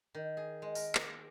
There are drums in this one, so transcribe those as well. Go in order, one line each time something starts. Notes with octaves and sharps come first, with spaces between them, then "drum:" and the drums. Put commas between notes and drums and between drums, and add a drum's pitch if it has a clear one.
D#3
G#4
G#3
A#4, drum: open hi-hat
A#4, drum: clap